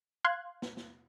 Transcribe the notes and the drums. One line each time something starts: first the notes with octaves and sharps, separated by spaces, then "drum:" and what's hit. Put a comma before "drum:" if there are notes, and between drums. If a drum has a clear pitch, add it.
F5 C6 F#6 G#6
drum: snare
drum: snare